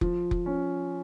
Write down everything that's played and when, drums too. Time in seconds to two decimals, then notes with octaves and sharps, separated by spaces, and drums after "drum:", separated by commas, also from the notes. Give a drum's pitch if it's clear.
0.01 F3, drum: kick F1
0.31 drum: kick F1
0.46 C#4